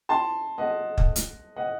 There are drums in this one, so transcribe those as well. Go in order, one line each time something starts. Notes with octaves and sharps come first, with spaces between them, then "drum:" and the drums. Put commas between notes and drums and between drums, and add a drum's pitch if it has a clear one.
A5 C6
D#5 F#5
drum: kick
drum: hi-hat
D#5 F#5